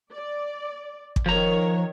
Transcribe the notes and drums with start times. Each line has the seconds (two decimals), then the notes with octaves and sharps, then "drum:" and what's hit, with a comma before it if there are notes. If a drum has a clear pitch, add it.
0.12 D5
1.16 drum: kick
1.26 D#3 F3 A#4 C#5 A#5